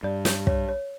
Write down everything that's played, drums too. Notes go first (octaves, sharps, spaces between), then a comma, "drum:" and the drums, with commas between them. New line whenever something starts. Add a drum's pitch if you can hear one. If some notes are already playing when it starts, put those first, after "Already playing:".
G2 D5
G6, drum: snare
C#5, drum: kick
C#5